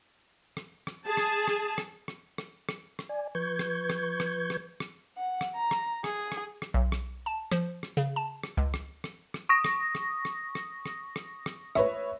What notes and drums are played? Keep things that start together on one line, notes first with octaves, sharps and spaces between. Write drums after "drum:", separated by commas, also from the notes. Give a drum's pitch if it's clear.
drum: rim click
drum: rim click
G#4 A5
drum: rim click
drum: rim click
drum: rim click
drum: rim click
drum: rim click
drum: rim click
drum: rim click
D5 G#5
F3 B4 C#6 G6 G#6
drum: rim click
drum: rim click
drum: rim click
drum: rim click
drum: rim click
F#5
drum: rim click
A#5
drum: rim click
G#4, drum: rim click
drum: rim click
drum: rim click
B1
drum: rim click
A5
F3, drum: rim click
drum: rim click
C#3
A5
drum: rim click
C#2
drum: rim click
drum: rim click
drum: rim click
C#6 D#6 A#6
drum: rim click
drum: rim click
drum: rim click
drum: rim click
drum: rim click
drum: rim click
drum: rim click
B4 C#5 E5, drum: rim click